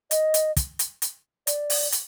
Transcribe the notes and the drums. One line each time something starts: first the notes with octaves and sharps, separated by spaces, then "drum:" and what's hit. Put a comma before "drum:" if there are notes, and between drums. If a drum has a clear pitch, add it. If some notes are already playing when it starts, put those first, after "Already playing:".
D#5, drum: hi-hat
drum: hi-hat
drum: kick, hi-hat
drum: hi-hat
drum: hi-hat
D5, drum: hi-hat
drum: open hi-hat
drum: hi-hat